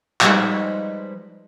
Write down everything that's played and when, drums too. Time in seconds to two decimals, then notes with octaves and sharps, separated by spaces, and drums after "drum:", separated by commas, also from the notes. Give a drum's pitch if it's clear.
0.21 F3 G3 G#3 D#4 B4 C5, drum: clap